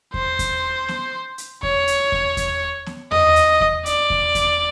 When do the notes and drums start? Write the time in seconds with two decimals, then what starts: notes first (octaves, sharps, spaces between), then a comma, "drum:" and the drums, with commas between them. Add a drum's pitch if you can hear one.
0.14 C5, drum: kick E2
0.39 drum: kick E2, hi-hat
0.88 drum: snare B3
1.38 drum: hi-hat
1.63 C#5, drum: kick E2
1.87 drum: hi-hat
2.12 drum: kick E2
2.37 drum: kick E2, hi-hat
2.86 drum: snare B3
3.11 D#5, drum: tom E2
3.36 drum: hi-hat
3.61 drum: kick E2
3.86 D5, drum: hi-hat
4.10 drum: kick E2
4.35 drum: kick E2, hi-hat